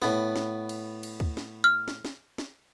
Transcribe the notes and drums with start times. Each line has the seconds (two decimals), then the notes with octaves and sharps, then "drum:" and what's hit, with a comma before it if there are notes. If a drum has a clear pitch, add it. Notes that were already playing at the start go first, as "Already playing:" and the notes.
0.02 A2 B3, drum: snare
0.36 drum: snare
0.69 drum: cymbal
1.03 drum: cymbal
1.20 drum: kick D2
1.37 drum: snare
1.64 F6
1.88 drum: snare
2.05 drum: snare
2.38 drum: snare